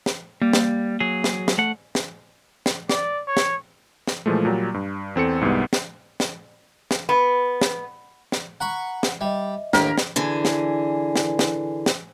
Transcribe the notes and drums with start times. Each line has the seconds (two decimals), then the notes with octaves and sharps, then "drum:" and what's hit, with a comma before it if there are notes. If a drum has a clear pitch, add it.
0.06 drum: snare
0.42 G3 A#3
0.53 drum: snare
1.00 F#3 G#4
1.24 drum: snare
1.48 drum: snare
1.58 A3 F#5
1.95 drum: snare
2.66 drum: snare
2.89 D5, drum: snare
3.27 C#5
3.37 drum: snare
4.07 drum: snare
4.26 A#2 E3 F3 G#3 A3
4.45 A#2 F#3 G3
4.74 G2
5.16 E2 C4 A4 C#7
5.41 C2 G#2 G3 B3
5.73 drum: snare
6.20 drum: snare
6.91 drum: snare
7.09 B3
7.62 drum: snare
8.32 drum: snare
8.61 F#5 A#5 B5 C#6
9.03 drum: snare
9.21 G3 D#5 E5
9.73 D#2 A2 D4 A#4 C5 B6, drum: snare
9.98 drum: snare
10.16 D3 E3 G#4
10.45 drum: snare
11.16 drum: snare
11.39 drum: snare
11.86 drum: snare